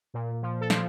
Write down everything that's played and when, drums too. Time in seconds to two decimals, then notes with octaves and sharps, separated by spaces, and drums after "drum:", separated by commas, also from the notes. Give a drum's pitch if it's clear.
0.14 A#2
0.42 F3
0.61 A4
0.70 F3, drum: snare